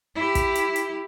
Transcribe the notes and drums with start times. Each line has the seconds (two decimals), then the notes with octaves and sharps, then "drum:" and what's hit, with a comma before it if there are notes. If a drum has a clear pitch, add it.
0.15 E4 G4
0.35 drum: kick, hi-hat
0.55 drum: hi-hat
0.76 drum: hi-hat